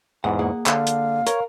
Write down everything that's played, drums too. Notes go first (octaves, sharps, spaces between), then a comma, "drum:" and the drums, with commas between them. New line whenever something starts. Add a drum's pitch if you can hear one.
E2 G#2 F#5
A#3 G#4 F#5
D3 F5, drum: clap
drum: hi-hat
A#4 C#5, drum: hi-hat